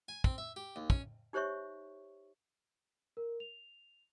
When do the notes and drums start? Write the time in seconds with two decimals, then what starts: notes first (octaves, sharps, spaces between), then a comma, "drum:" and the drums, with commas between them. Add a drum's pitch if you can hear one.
0.08 G#5
0.24 C4, drum: kick
0.38 E5
0.56 G4
0.76 D#2
0.90 C#4, drum: kick
1.33 D#4 G4 C5 C#5 E5 C#6
3.17 A#4
3.40 F7